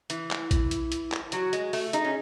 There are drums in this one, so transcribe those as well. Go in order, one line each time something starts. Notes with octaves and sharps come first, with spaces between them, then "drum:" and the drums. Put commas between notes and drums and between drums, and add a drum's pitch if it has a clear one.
E3 E4, drum: hi-hat
drum: clap
drum: kick, hi-hat
drum: hi-hat
drum: hi-hat
drum: clap
F#3 F#4, drum: hi-hat
G#3, drum: hi-hat
A3, drum: open hi-hat
D#4 G#4, drum: hi-hat
C#4